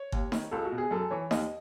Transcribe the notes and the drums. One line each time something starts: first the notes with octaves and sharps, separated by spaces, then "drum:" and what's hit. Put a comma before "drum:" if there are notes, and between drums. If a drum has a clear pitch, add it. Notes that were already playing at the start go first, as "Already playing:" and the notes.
Already playing: C#5
D#2, drum: kick G1
D#3, drum: snare D#4
C#2 A4
F#4
B2
G#4
F#2 A4
E3 C#5
D#2 D#5, drum: snare D#4